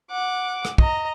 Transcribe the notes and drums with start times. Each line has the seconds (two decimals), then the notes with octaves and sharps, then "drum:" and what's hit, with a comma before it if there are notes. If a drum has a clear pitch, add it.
0.11 F#5 D6
0.65 drum: rim click
0.78 D#5 A#5, drum: kick